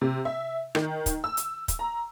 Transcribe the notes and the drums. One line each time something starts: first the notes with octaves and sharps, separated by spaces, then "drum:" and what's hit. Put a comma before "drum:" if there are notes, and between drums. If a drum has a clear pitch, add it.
C3
E5
D#3, drum: rim click
drum: kick, hi-hat
E6
drum: hi-hat
drum: kick, hi-hat
A#5